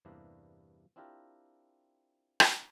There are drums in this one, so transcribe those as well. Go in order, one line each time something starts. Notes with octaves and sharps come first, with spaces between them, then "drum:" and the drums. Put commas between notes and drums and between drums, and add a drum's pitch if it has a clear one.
E2 G2 C3 A#3 D4 E4
C4 D4 E4 F4 G4 A#4
drum: rim click